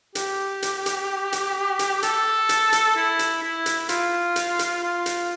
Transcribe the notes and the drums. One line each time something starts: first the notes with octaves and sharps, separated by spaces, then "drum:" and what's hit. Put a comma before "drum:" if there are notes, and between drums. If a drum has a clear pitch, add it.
G4, drum: hi-hat
drum: hi-hat
drum: hi-hat
drum: hi-hat
drum: hi-hat
A4, drum: hi-hat
drum: hi-hat
drum: hi-hat
E4
drum: hi-hat
E4
drum: hi-hat
F4, drum: hi-hat
drum: hi-hat
drum: hi-hat
F4
drum: hi-hat